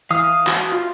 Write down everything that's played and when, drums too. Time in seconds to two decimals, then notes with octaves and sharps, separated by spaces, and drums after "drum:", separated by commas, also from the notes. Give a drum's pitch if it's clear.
0.11 E3 F5 D#6 F6
0.47 F#4, drum: clap
0.72 F4